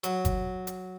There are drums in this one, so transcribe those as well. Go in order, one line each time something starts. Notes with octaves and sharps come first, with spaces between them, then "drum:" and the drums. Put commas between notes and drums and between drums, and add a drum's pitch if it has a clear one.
F#3, drum: hi-hat
drum: kick G1, hi-hat
drum: hi-hat